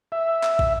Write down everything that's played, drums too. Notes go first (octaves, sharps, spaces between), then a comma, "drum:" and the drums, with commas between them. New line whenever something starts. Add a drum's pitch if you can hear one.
E5
drum: clap
drum: kick